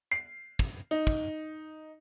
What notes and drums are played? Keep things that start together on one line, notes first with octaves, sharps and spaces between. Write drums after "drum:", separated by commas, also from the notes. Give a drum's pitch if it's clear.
C7
drum: kick
D#4
drum: kick